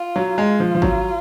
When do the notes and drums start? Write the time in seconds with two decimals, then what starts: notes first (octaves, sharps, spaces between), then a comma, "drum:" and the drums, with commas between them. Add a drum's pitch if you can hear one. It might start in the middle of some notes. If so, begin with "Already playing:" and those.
Already playing: F4
0.16 F#3
0.38 G#3 F4
0.60 F3
0.75 F3
0.82 F#3, drum: kick G#1